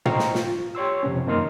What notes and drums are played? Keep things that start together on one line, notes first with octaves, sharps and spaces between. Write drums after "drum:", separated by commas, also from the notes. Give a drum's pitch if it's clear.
C5 D#5 F5 G5 A#5 C#6, drum: tom
drum: snare
F4, drum: snare
G4 C#5 C6 E6
F2 C3 C4 C#4
F#2 D#3 A#3 D#5 C6 F6